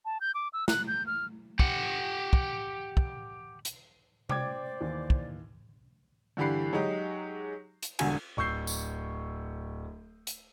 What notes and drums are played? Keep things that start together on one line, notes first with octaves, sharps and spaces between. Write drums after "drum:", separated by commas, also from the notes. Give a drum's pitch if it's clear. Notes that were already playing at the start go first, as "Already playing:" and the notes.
A5
G6
D6
E6
F#6, drum: snare
G6
F6
G4 F#5, drum: kick
drum: kick
drum: kick
drum: hi-hat
C5 D5 G5 D6 G#6, drum: tom C3
D#2 E3
drum: kick
G2 D3 E3 G4 B5 C7
F#3 G#3 D#4 G4
drum: hi-hat
E1 G2 D3 F#4 G#5, drum: cymbal
D1 C#6 E6 G6 C7
drum: tambourine
drum: hi-hat